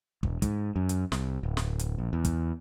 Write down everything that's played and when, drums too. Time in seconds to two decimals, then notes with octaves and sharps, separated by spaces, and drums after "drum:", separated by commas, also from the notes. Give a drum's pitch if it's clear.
0.23 E1, drum: kick
0.42 G#2, drum: kick, hi-hat
0.76 F#2
0.89 drum: hi-hat
1.12 C2, drum: snare
1.43 D1
1.57 drum: snare
1.79 drum: hi-hat
1.98 A#1
2.13 E2
2.25 drum: kick, hi-hat